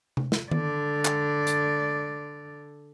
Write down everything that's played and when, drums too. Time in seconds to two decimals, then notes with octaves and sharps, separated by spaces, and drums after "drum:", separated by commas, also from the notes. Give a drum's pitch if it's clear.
0.17 drum: tom C3
0.32 drum: snare
0.51 D3 D5, drum: tom D#3
1.05 drum: clap
1.47 drum: hi-hat